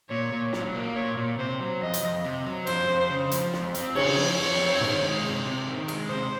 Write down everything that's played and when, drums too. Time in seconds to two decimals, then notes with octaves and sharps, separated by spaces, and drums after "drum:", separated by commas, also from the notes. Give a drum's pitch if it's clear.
0.10 A#2 C#5
0.33 A#2
0.53 F#3, drum: snare
0.75 A#3
0.96 A#2 C#5
1.17 A#2
1.39 C3 C5
1.60 F#3
1.81 F2 D#5
1.94 drum: hi-hat
2.03 F2
2.25 C3
2.46 F#3
2.67 F2 C5, drum: cymbal
2.88 F2
3.10 C#3
3.31 F3, drum: hi-hat
3.53 F2, drum: snare
3.75 C4, drum: hi-hat
3.95 C#3 C#5, drum: cymbal
4.17 F3
4.38 F2 C#5
4.59 C4
4.81 D#3, drum: tom
5.02 G#3
5.23 C3
5.45 C3
5.67 D#3
5.88 G#3, drum: cymbal
6.09 C3 C5